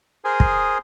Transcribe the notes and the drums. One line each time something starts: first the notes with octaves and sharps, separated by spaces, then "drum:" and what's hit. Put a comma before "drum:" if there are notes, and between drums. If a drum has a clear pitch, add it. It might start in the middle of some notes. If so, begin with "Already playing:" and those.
G#4 A#4 C5 G#5 D#6
drum: kick